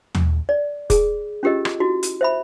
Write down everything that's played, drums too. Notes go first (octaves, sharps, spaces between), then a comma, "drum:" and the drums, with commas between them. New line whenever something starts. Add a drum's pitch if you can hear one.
drum: tom D#2
D5
G#4, drum: kick, hi-hat
C#4 F4 G4 A#4 D#5
drum: rim click
E4 F#4
drum: hi-hat
C5 E5 B5